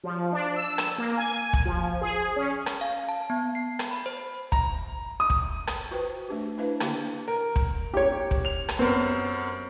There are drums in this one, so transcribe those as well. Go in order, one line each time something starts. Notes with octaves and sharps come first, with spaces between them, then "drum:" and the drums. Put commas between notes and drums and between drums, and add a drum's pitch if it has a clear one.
F3
D4
E6
drum: rim click
A#3
G#5
drum: kick
F3
G#4
C#4
drum: rim click
F5
A5
B3
C7
drum: rim click
B5
C5
A#5, drum: kick
D#6
drum: kick
drum: rim click
F4 F#4 B4 C5 G5
A3 D4 G4
D4 E4 B4 C5 E5 F5
D3 A#3 D4 G4 F5 G5, drum: rim click
A#4
drum: kick
G4 C#5
drum: kick
F7
drum: rim click
F#2 B3 C4